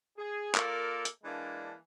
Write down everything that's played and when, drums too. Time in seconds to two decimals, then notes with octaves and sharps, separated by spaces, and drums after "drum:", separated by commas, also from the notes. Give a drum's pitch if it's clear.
0.17 G#4
0.55 A#3 F4 A4 A#4 D5 F5, drum: clap
1.05 drum: hi-hat
1.24 E3 G#3 A#3 D4